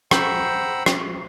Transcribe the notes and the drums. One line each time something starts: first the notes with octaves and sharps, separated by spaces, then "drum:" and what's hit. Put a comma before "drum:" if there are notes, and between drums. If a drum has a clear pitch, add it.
C5 F#5 G5 A#5 B5 E6, drum: rim click
drum: rim click